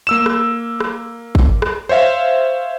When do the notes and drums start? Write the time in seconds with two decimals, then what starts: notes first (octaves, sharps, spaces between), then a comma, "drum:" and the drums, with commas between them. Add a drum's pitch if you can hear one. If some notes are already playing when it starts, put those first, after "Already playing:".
0.07 A#3 E6 E7
0.26 drum: rim click
0.80 drum: rim click
1.35 drum: kick
1.62 drum: rim click
1.89 C5 C#5 E5 F5